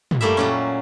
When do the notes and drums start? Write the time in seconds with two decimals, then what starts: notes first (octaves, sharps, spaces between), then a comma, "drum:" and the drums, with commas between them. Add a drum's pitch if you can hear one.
0.11 drum: tom
0.21 G3 A3 A#3 E4 E5
0.37 A#2 F#3 C#4